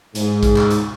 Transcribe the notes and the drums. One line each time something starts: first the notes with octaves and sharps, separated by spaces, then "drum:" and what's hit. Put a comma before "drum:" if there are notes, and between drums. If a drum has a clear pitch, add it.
G#2, drum: hi-hat
drum: kick A1, hi-hat
drum: clap
drum: hi-hat